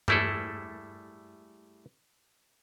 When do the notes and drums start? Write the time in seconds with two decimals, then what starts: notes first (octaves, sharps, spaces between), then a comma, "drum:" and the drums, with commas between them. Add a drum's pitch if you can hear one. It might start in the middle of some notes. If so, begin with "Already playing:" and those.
0.08 G3 A3 E4 G#4 A4, drum: tom G2